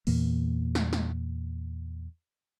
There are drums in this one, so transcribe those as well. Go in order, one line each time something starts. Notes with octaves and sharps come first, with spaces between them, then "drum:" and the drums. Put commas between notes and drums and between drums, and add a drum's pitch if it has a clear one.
E2 A#2 E3 A#3, drum: open hi-hat
drum: snare
drum: snare